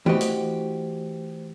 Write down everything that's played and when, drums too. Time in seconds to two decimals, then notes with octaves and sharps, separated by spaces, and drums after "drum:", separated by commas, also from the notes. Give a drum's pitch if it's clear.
0.06 E3 A3 F#4 G4 C5 D#5, drum: tom E3
0.21 drum: hi-hat